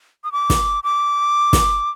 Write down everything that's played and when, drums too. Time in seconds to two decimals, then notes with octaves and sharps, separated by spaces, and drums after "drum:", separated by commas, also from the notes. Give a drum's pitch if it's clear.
0.24 D#6
0.32 D6
0.50 drum: snare
0.84 D6
1.53 drum: snare